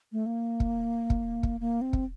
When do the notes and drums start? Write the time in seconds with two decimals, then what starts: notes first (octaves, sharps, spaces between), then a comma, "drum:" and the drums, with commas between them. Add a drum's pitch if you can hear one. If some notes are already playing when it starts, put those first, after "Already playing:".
0.12 A3
0.26 A#3
0.60 drum: kick
1.10 drum: kick
1.43 drum: kick
1.60 A#3
1.81 C4
1.93 drum: kick